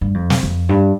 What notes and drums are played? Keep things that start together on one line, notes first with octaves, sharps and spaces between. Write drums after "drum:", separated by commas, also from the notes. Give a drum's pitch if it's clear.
G2
F2
drum: snare
F2
G2